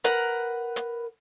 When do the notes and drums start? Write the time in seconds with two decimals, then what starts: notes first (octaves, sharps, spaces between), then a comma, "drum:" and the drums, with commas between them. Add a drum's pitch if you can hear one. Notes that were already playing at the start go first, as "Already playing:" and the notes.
0.04 A#4 B4 F#5, drum: hi-hat
0.76 drum: hi-hat